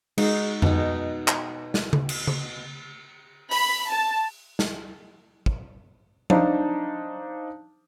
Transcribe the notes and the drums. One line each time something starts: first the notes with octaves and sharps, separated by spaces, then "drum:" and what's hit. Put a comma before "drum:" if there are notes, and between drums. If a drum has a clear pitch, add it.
G#3 D#4 F#4, drum: cymbal
B2 D#4, drum: tom F2
drum: clap
drum: snare
drum: tom C#3
drum: cymbal
drum: tom C#3
B5, drum: open hi-hat
A5
drum: snare
drum: kick
D4 D#4 C5 F5 A5, drum: tom F3